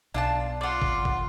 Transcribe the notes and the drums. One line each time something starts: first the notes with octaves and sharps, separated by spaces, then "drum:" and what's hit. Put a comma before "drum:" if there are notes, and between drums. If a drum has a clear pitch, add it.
B1 D4 F4 A5
F4 D5 F#5
drum: kick
drum: kick